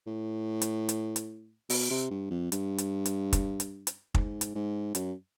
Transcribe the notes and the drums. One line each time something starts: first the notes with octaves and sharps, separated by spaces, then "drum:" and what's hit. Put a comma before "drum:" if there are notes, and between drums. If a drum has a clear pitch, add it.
A2
drum: hi-hat
drum: hi-hat
drum: hi-hat
B2, drum: open hi-hat
C3
G2
F2
G2, drum: hi-hat
drum: hi-hat
drum: hi-hat
drum: kick, hi-hat
drum: hi-hat
drum: hi-hat
G#2, drum: kick
drum: hi-hat
G#2
F#2, drum: hi-hat